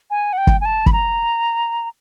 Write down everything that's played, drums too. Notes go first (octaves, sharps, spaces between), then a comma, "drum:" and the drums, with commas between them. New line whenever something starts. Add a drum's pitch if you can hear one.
G#5
F#5
G5
drum: kick
G#5
A5
B5, drum: kick
A#5